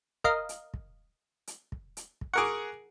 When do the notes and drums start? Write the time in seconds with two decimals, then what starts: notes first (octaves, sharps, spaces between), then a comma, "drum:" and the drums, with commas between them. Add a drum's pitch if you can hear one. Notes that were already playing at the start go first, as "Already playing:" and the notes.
0.24 A#4 D#5 F5, drum: kick
0.49 drum: hi-hat
0.74 drum: kick
1.47 drum: hi-hat
1.72 drum: kick
1.97 drum: hi-hat
2.21 drum: kick
2.34 G#4 A#4 F#5 C#6 D6